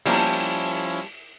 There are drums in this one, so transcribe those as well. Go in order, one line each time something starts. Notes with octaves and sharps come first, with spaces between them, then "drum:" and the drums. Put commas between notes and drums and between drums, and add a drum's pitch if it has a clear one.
F3 G3 A#3 C#4 E4 A5, drum: open hi-hat